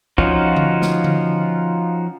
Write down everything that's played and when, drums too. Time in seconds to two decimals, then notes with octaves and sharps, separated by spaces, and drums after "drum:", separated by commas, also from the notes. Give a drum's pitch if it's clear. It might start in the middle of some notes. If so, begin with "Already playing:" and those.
0.18 F3 C#4 D#4 F4 F#4, drum: kick
0.56 drum: tom D3
0.82 drum: snare
1.04 drum: tom D3